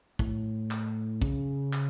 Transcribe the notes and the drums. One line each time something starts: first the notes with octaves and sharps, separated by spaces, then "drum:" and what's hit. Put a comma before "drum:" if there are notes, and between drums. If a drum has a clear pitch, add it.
A2, drum: kick
drum: clap
C#3, drum: kick
drum: clap